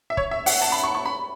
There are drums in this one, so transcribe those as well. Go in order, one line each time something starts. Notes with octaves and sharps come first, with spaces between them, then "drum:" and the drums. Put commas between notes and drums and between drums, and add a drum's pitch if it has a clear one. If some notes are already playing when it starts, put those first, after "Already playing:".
E5
C#5, drum: kick
E5
F#5, drum: open hi-hat
A5
B5
C#6
C#6
B5